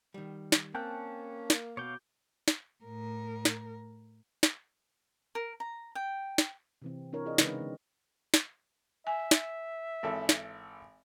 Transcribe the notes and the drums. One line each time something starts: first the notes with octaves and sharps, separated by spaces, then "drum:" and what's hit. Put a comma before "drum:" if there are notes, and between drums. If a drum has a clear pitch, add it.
D#3 G3
drum: snare
A#3 C4 C#4 G5 A5 F#6
drum: snare
B2 C#5 F5 D6 G6
drum: snare
A2 A#4
drum: snare
drum: snare
A#4
A#5
G5
drum: snare
C3 E3 C4
C4 D4 E4 A#4 C#5
E4 F4 G#4 D5 D#5
C#3 E3 G#3 C4 D#4 B4, drum: snare
D3 B3
drum: snare
E5 G#5
drum: snare
G#1 E3 A4
drum: snare